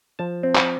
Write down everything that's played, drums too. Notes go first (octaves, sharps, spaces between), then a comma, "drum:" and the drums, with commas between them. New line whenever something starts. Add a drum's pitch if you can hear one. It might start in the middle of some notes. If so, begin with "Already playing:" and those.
F3 A5
C4
drum: clap